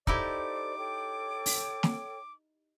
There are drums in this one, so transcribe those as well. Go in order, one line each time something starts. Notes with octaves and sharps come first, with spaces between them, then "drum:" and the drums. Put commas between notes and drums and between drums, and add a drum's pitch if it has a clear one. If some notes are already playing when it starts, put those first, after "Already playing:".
D#4 E4 G4 A4 C5 D5 D6, drum: kick
A4 C#5 G5
drum: open hi-hat
drum: snare